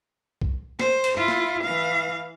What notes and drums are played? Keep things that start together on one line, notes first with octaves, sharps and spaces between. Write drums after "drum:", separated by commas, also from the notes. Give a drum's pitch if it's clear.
drum: kick B1
C5, drum: snare
drum: cymbal
E4 F4
drum: snare
E3 F5